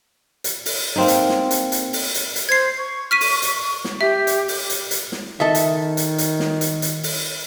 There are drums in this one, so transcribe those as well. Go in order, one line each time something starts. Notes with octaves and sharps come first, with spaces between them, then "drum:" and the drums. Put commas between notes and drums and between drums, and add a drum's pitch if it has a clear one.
drum: hi-hat
drum: open hi-hat
A#3 C4 D#4
drum: hi-hat
drum: snare
drum: hi-hat
drum: hi-hat
drum: open hi-hat
drum: hi-hat
drum: hi-hat
C5 G#6 C7
C#6
F6 B6 D#7
drum: open hi-hat
drum: hi-hat
drum: snare
G4 E5
drum: hi-hat
drum: open hi-hat
drum: hi-hat
drum: hi-hat
drum: snare
D#3 A4 D#5 E5
drum: hi-hat
drum: hi-hat
drum: hi-hat
drum: snare
drum: hi-hat
drum: hi-hat
drum: open hi-hat